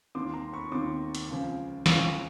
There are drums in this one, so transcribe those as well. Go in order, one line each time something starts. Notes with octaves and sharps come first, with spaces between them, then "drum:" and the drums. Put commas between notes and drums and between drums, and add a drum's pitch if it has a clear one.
D#2 D#3 C6 D6
A#5 C6
B5 C#6
D#2 D#3 C6 D6
drum: hi-hat
C#2 C#3 F3
C#2 C#3 F3 C#6 D#6, drum: snare